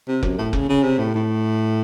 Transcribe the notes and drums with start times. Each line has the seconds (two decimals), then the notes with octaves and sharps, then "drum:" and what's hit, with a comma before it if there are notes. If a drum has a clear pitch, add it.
0.08 C3
0.23 F#2, drum: kick F1
0.38 A2
0.53 C#3, drum: kick F1
0.69 C#3
0.83 C3
0.98 A2
1.15 A2